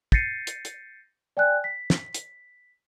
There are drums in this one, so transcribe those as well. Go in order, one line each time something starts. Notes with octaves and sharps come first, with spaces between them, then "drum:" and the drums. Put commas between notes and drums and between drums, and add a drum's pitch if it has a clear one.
G6 A6 A#6 C7 C#7 D#7, drum: kick
drum: hi-hat
drum: hi-hat
D5 G5 G#5 F#6
B6
drum: snare
drum: hi-hat